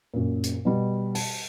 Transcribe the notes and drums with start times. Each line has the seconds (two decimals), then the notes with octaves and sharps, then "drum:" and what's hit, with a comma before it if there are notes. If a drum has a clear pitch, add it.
0.14 F#2 A#2
0.44 drum: hi-hat
0.65 B2 G3
1.15 A5, drum: open hi-hat